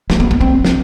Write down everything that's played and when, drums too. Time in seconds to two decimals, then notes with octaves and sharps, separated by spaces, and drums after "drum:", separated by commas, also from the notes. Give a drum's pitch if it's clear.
0.10 A3, drum: snare
0.20 B3
0.31 B3
0.41 C4
0.65 drum: snare